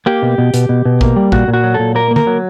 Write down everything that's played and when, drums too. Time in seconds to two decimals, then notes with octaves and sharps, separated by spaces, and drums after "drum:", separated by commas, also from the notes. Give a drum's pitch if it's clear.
0.06 A#3 G4
0.22 B2
0.38 B2
0.54 B2, drum: hi-hat
0.69 B2
0.85 B2
1.01 A#3, drum: kick
1.16 G3
1.32 A#2 F#4, drum: kick
1.48 A#2
1.53 F#4
1.64 F#3
1.74 A#2 A4
1.95 A#3 A#4
2.11 A#3
2.16 A#4, drum: tom
2.27 F#3